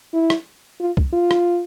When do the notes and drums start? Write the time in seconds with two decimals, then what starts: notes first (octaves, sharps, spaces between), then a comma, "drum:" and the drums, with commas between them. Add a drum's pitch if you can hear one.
0.14 E4
0.30 drum: rim click
0.80 F4
0.97 drum: kick C2
1.13 F4
1.31 drum: rim click